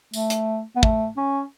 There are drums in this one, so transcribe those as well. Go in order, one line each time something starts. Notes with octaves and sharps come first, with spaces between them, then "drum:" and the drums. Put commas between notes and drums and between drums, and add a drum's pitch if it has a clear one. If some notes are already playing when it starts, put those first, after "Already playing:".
A3, drum: tambourine
drum: hi-hat
B3
A3, drum: kick
C#4